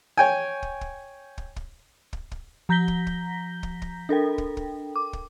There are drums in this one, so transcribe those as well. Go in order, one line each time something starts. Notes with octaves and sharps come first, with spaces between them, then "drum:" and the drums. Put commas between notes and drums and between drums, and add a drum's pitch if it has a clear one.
C#5 G5 G#5
drum: kick
drum: kick
drum: kick
drum: kick
drum: kick
drum: kick
F3 A#5 G6 A#6 B6 G7
drum: kick
drum: kick
drum: kick
drum: kick
D4 A4 A#4 G5
drum: kick
drum: kick
D6
drum: kick